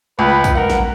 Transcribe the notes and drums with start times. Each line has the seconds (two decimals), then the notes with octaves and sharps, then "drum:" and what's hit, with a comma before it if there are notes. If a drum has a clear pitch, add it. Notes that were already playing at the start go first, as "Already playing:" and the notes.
0.19 C#2 B4
0.44 drum: kick, tambourine
0.55 A#4 F#5
0.70 drum: snare